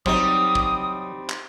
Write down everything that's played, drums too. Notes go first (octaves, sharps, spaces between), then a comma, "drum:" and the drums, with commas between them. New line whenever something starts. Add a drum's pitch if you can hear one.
F#3 G3 C4 D#4 C5 D#6, drum: kick
drum: kick
drum: clap